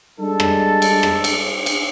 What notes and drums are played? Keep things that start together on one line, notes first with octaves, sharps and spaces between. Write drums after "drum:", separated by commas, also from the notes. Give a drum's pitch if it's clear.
G3 G#3 D4 A4
drum: rim click
drum: cymbal
drum: rim click
drum: cymbal
drum: cymbal